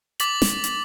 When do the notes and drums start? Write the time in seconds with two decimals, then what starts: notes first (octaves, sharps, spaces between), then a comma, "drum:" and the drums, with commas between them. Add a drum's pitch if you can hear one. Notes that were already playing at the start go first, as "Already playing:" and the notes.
0.20 D6 A6 B6 F#7, drum: hi-hat
0.42 drum: snare
0.64 drum: hi-hat